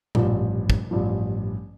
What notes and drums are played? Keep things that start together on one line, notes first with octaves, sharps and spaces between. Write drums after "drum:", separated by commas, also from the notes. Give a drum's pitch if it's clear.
A1 G2 F3, drum: tom A#2
drum: kick
A1 G2 F3